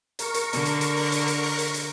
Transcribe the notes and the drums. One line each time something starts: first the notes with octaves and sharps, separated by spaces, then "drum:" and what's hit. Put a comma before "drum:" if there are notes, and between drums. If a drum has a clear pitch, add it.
A#4 C#6, drum: hi-hat
drum: hi-hat
D3, drum: hi-hat
drum: hi-hat
drum: hi-hat
drum: open hi-hat
drum: hi-hat
drum: hi-hat
drum: open hi-hat
drum: hi-hat
drum: hi-hat